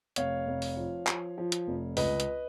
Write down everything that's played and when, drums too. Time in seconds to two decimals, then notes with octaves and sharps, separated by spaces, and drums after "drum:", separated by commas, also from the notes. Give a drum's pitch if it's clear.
0.16 F1 C#5 F5, drum: hi-hat
0.47 F1
0.62 drum: open hi-hat
0.77 F3
1.07 F3, drum: clap
1.38 F3
1.52 drum: hi-hat
1.68 F1
1.97 C#2 B4 D#5, drum: open hi-hat
2.20 drum: hi-hat